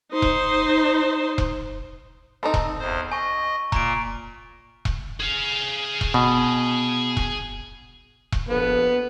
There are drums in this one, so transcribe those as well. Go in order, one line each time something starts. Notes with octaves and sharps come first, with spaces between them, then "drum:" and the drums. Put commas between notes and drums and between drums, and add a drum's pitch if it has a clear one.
D#4 C5
drum: kick E1
drum: kick E1
C4 D#4 A4 A5 A#5
drum: kick E1
E2 C5
D#5 G#5 C#6
A#2 A#3 A#5 D7, drum: kick E1
drum: kick E1
G#4 F5
drum: kick E1
B2
drum: kick E1
drum: kick E1
A#1 B3 A4 B4